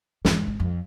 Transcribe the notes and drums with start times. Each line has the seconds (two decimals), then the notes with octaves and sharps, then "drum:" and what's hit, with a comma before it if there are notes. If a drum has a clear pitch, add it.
0.25 E2 G#2, drum: snare
0.47 G#1
0.60 F2